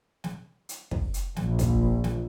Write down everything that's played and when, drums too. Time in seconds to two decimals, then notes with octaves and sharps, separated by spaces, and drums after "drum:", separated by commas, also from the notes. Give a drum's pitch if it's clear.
0.24 drum: snare
0.69 drum: hi-hat
0.91 drum: kick
1.14 drum: hi-hat
1.36 A#1, drum: snare
1.59 drum: kick, hi-hat
2.04 drum: snare